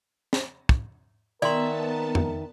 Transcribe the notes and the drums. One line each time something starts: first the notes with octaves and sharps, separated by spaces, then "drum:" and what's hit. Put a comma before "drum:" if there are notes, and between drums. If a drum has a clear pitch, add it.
drum: snare
drum: kick
D#3 B3 A#4 D5 E5 A5 A#5 C6
drum: tom F2